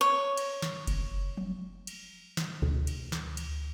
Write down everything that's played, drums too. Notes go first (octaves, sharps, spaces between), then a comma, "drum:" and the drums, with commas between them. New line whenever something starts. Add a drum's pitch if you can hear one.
C#5
drum: cymbal
drum: snare
drum: kick F1, cymbal
drum: tom F3
drum: cymbal
drum: snare
D2, drum: tom A#2
drum: cymbal
drum: snare
drum: cymbal